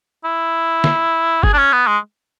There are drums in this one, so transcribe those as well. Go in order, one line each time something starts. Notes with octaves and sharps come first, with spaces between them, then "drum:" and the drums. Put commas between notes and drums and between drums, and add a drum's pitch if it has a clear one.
E4
drum: snare
G#4, drum: kick
D4
C#4
B3
G#3